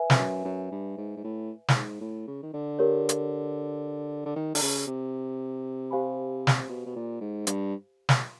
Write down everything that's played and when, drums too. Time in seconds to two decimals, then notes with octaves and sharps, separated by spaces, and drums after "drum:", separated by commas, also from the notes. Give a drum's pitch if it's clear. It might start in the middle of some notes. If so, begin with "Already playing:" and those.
Already playing: B4 E5 G#5
0.10 F2, drum: snare
0.19 F#2
0.45 F#2
0.72 G2
0.97 G#2
1.17 G#2
1.24 A2
1.68 A2, drum: snare
1.76 G#2
2.01 A2
2.27 C#3
2.43 D#3
2.54 D3
2.79 G4 A#4 C#5
3.09 drum: hi-hat
4.25 D3
4.36 D#3
4.55 D3, drum: open hi-hat
4.62 C#3
4.87 C3
5.91 G4 C5 F5 G#5 B5
6.47 drum: snare
6.69 B2
6.86 B2
6.96 A#2
7.21 G#2
7.47 G2, drum: hi-hat
8.09 drum: snare